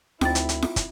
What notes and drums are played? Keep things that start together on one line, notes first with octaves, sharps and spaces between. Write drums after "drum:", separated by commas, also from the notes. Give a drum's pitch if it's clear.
D2 C4 D#4 E4 G5 A6, drum: snare F4
drum: hi-hat
drum: hi-hat
drum: snare F4
drum: kick, hi-hat